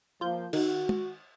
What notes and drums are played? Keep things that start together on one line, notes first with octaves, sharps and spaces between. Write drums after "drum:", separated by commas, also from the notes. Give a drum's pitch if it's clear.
F3 A#3 F4 C5 G6
D#3 F#4, drum: cymbal
drum: tom